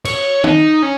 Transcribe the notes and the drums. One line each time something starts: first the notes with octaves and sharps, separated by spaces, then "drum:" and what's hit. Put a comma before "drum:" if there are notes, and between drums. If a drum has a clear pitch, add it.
C#5, drum: cymbal
D#4, drum: tom
C#4